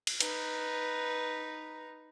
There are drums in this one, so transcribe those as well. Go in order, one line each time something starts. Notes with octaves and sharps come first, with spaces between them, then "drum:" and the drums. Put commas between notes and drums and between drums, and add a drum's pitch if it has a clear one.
drum: cymbal
D#4 B4, drum: hi-hat